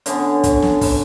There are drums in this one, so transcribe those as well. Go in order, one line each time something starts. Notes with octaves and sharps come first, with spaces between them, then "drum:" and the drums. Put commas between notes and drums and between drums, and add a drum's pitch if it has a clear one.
D3 B3 C#4, drum: hi-hat
drum: kick, hi-hat
drum: snare
drum: kick, open hi-hat